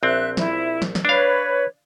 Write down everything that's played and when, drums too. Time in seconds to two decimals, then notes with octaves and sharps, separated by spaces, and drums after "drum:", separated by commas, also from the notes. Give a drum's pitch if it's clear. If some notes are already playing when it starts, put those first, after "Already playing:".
0.03 A#1 C4 E5 F#6
0.37 E4, drum: snare
0.82 drum: snare
0.95 drum: snare
1.05 D4 B4 C#5 F5